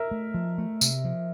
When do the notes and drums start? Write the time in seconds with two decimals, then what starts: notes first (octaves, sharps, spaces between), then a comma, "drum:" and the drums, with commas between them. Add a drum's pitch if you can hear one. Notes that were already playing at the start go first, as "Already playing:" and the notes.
Already playing: A#4 E5
0.11 A3
0.34 F3
0.58 A3
0.81 C3, drum: tambourine
1.04 F3